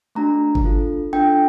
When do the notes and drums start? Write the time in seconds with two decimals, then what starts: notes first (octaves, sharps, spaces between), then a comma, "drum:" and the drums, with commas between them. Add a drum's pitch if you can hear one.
0.15 A3 D4 F#4 A#5
0.55 drum: kick G1
0.64 D4 F4 A4
1.13 D4 F4 A4 G5